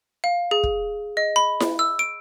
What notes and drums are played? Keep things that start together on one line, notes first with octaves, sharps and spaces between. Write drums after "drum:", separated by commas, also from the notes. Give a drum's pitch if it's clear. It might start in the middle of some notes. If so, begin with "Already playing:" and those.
F5
G#4
drum: kick
D#5
B5
drum: snare E4
E6
D7